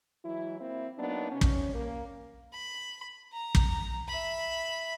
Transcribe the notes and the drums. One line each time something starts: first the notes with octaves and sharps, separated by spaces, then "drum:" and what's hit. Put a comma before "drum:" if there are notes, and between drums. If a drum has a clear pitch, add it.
E3 F#3 G#3 E4
A#3 C4 E4
F#3 A#3 B3 D4 D#4
C3 C#4
drum: kick
A#3
B5
A#5
drum: kick
E5 B5